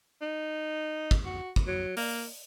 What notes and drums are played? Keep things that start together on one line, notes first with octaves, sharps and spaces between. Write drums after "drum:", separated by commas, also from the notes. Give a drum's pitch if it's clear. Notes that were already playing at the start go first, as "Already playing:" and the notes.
D#4
drum: kick
F#4
drum: kick
F#3
A#3, drum: open hi-hat